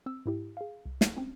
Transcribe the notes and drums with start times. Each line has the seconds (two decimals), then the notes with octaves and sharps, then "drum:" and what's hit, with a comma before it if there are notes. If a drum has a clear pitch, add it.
0.06 C4 E6
0.26 G#2 E4 G4
0.57 G#4 F5
0.86 C2
1.01 drum: snare
1.17 C4 C#4